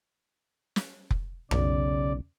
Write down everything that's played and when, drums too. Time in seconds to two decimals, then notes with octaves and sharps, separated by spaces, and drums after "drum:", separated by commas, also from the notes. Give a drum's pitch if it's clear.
0.76 drum: snare
1.11 drum: kick F1
1.51 B1 C#3 D5, drum: tom F2